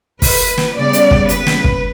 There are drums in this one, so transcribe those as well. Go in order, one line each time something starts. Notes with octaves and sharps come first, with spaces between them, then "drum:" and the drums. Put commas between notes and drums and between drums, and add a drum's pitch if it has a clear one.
B4, drum: kick, open hi-hat
drum: snare
C#3 G3 B3 D5
drum: hi-hat
drum: kick
B4, drum: hi-hat
drum: snare
drum: kick